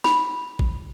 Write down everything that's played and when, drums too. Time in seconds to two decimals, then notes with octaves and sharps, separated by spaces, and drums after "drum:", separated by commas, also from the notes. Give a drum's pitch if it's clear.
0.04 B5, drum: snare
0.59 drum: kick A#1